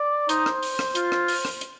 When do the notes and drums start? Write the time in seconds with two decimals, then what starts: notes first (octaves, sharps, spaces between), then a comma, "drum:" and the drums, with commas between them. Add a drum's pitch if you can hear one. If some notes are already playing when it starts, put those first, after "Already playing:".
Already playing: D5
0.29 D#4 C5, drum: hi-hat
0.46 drum: rim click
0.63 drum: open hi-hat
0.79 drum: rim click
0.95 F4, drum: hi-hat
1.12 drum: rim click
1.28 drum: open hi-hat
1.45 drum: rim click
1.61 drum: hi-hat